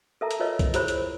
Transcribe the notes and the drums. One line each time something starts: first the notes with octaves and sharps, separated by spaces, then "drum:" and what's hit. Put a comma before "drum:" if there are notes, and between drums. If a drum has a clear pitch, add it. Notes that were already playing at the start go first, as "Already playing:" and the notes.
A4 A#4 E5 A5 A#5
drum: hi-hat
F4 A#4 B4 C#5 D#5 E5
drum: kick C2, hi-hat
E4 G#4 A#4 C5 C#5 B5, drum: hi-hat
drum: hi-hat